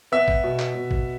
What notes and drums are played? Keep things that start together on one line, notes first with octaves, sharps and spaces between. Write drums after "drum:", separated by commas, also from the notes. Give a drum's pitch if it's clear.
B3 E5
drum: kick G#1
B2
drum: clap
B2
drum: kick G#1